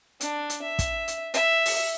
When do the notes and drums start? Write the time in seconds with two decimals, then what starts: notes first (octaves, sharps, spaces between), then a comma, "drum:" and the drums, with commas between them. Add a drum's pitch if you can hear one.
0.21 D4, drum: hi-hat
0.50 drum: hi-hat
0.62 E5
0.79 drum: kick, hi-hat
1.08 drum: hi-hat
1.34 E5, drum: hi-hat
1.66 drum: open hi-hat